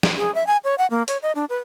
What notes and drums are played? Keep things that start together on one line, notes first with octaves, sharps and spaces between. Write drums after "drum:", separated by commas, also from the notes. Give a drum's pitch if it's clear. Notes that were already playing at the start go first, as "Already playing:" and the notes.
drum: snare
G#4
E5
G#5
C#5
F#5
A#3
C#5, drum: hi-hat
D#5
D4
B4